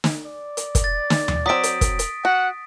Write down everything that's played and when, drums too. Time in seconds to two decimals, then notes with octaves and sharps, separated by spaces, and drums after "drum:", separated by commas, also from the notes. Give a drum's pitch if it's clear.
0.04 drum: snare
0.25 D5
0.57 drum: hi-hat
0.75 drum: kick, hi-hat
0.84 A6
1.10 drum: snare
1.28 drum: tom D#2
1.46 F#3 C4 D#6 B6 D7
1.63 drum: hi-hat
1.81 drum: kick, hi-hat
1.99 drum: hi-hat
2.25 F#4 F#5